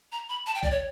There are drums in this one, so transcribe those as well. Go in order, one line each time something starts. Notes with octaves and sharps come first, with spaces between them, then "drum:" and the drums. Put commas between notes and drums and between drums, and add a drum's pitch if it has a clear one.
A#5
B5
A5
G5
D5, drum: kick A1
C#5